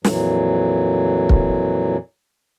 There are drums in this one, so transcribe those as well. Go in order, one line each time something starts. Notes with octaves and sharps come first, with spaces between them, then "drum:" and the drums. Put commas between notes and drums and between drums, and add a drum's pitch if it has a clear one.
F2 A#2 E3 F#3, drum: snare
drum: kick